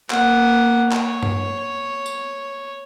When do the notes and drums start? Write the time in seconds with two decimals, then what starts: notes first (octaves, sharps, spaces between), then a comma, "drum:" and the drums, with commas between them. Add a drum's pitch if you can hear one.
0.10 A#3 F#5, drum: clap
0.92 C#5, drum: clap
1.23 drum: tom G2
2.06 drum: tambourine